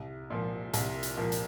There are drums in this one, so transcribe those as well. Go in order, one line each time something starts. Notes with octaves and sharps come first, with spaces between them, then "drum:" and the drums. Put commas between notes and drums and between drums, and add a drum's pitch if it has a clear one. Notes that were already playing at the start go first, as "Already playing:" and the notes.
Already playing: C2
A#2 F3 A#3
C2, drum: hi-hat
drum: hi-hat
A#2 F3 A#3
drum: hi-hat